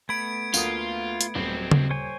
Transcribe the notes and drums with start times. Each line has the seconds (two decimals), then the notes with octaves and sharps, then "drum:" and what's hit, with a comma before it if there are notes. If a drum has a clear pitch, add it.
0.09 A3 B3 B5 G#6 D7
0.54 D2 A#3 F4 D#6, drum: tambourine
1.21 drum: hi-hat
1.35 D#1 F#3 C4
1.71 drum: tom C#3
1.90 C5 C#5 G#5